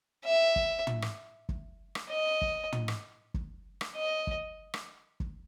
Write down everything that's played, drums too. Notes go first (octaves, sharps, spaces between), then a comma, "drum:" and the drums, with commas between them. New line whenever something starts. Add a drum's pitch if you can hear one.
E5
drum: kick
drum: tom
drum: rim click
drum: kick
drum: rim click
D#5
drum: kick
drum: tom
drum: rim click
drum: kick
drum: rim click
D#5
drum: kick
drum: rim click
drum: kick